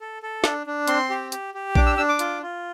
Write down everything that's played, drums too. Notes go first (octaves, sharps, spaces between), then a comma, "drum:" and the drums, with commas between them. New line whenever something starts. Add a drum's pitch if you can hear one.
A4
A4
D4, drum: snare
D4
C4 C6, drum: hi-hat
G4
G4, drum: hi-hat
G4
D4 D6, drum: kick A#1
E6
D4 E6
D6
F4, drum: hi-hat
F4